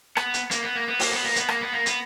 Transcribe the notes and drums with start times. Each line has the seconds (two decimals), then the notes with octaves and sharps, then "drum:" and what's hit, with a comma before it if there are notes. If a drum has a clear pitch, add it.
0.17 B3, drum: rim click
0.34 drum: hi-hat
0.51 A#3, drum: hi-hat
0.63 B3
0.76 A#3
0.88 B3
1.00 A#3, drum: open hi-hat
1.12 B3
1.24 A#3
1.36 B3, drum: hi-hat
1.49 A#3, drum: rim click
1.61 B3
1.73 A#3
1.86 B3, drum: hi-hat